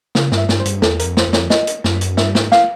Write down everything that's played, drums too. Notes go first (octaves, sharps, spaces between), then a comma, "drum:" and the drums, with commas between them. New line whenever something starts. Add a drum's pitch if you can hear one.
C#3 F5, drum: snare
G2, drum: snare
E5
G2, drum: snare
C5
G2, drum: hi-hat
E2 A4, drum: snare
A#4, drum: hi-hat
F2
C5, drum: snare
F2
C#5, drum: snare
D#5, drum: snare
drum: hi-hat
F#2, drum: snare
drum: hi-hat
G2 E5, drum: snare
G#2, drum: snare
F5, drum: snare